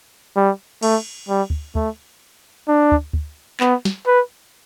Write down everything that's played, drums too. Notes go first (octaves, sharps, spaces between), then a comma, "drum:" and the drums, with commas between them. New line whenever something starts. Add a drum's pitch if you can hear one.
G3
A3, drum: cymbal
G3
drum: kick
A3, drum: kick
D4
drum: kick
drum: kick
B3, drum: clap
drum: snare
B4